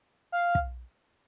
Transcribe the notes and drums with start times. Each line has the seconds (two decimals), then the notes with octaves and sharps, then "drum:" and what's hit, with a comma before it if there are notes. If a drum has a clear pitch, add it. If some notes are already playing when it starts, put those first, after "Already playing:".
0.32 F5
0.55 drum: kick